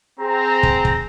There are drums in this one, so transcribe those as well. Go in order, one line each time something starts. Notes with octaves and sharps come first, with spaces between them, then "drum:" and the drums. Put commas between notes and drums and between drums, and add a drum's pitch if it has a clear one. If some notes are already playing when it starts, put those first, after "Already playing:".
C4 G#4 A#5
drum: kick
drum: kick